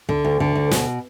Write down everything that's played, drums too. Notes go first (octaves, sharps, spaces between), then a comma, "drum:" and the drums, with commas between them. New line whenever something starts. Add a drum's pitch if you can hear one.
D3, drum: kick
D2
D3
D2
B2, drum: snare